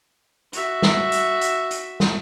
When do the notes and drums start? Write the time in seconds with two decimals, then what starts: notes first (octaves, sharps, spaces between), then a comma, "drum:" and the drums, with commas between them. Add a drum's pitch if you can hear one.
0.53 F#4 E5, drum: hi-hat
0.82 drum: snare
1.12 drum: hi-hat
1.41 drum: hi-hat
1.71 drum: hi-hat
2.00 drum: snare